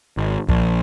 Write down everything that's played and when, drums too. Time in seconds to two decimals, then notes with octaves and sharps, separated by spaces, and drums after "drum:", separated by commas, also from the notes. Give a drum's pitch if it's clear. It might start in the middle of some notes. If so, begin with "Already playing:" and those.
0.17 G#1
0.48 A#1, drum: kick